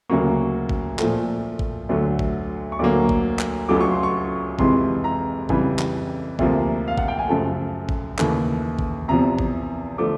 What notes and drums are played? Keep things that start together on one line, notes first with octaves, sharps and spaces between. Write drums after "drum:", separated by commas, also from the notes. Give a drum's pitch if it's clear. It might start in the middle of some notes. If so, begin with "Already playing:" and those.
D2 C#3 F#3 A#3 C#6
drum: kick A1
A#2 F3 A3, drum: clap
drum: kick A1
D2 D3 F#3 A3
drum: kick A1
C#6
D2 D3 F#3 A#3 D6
drum: kick A1
drum: clap
C#2 C#3 F#3 A3 D6
C#6
C6
C#6
F2 C3 E3 G#3 C6, drum: kick A1
A#5
F2 C#3 E3 G3, drum: kick A1
drum: clap
D2 C3 F3 A#3, drum: kick A1
F5
F#5, drum: kick A1
G5
G#5
F#2 C#3 F3 A3 A5
drum: kick A1
D#2 C#3 E3 A3, drum: clap
drum: kick A1
E2 C3 F3 A#5
drum: kick A1
D3 F3 A3 D6